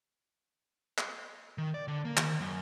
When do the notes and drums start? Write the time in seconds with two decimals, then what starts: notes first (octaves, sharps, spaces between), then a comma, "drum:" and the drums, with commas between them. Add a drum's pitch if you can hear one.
0.98 drum: clap
1.58 D#3
1.74 D5
1.88 D3
2.05 A#3
2.17 D#3, drum: clap
2.40 F#2